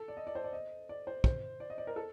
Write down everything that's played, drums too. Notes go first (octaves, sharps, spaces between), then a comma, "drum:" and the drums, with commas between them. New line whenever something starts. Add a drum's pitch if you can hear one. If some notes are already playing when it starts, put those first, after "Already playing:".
Already playing: A4
D5
D#5
D5
C5
D5
D#5
D5
C5
C5, drum: kick
D5
D#5
D5
A#4
A4